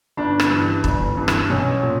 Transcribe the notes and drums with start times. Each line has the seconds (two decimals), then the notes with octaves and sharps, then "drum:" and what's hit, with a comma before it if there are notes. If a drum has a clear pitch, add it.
0.17 G1 D4
0.40 drum: rim click
0.51 G2 E3
0.84 G1, drum: kick
1.17 G2 E3
1.28 drum: rim click
1.49 B1 C#4
1.83 A#2